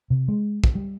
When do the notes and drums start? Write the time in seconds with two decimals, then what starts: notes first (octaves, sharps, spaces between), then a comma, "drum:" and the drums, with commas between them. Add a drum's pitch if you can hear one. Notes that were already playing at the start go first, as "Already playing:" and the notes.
0.10 C3
0.28 G#3
0.64 drum: kick
0.75 G3